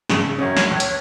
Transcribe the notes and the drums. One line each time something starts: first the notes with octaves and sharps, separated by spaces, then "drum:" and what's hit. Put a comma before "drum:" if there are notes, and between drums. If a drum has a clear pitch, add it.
G#1 C#3, drum: snare
F#2 C#4 C#5
drum: snare
C#2
drum: hi-hat